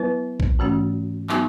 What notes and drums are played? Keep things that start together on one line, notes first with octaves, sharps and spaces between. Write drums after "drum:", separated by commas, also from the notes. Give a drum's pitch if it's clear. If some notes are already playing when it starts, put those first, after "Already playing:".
Already playing: F#3 B3 E4 B4
drum: kick A#1
G#2 E3 A3 C#4 F#4
F#3 B3 D#4 F#4, drum: clap